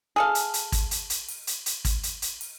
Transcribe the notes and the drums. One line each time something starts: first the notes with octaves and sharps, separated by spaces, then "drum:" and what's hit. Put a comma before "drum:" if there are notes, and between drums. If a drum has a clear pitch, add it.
G#4 A4 F5
drum: hi-hat
drum: hi-hat
drum: kick, hi-hat
drum: hi-hat
drum: hi-hat
drum: open hi-hat
drum: hi-hat
drum: hi-hat
drum: kick, hi-hat
drum: hi-hat
drum: hi-hat
drum: open hi-hat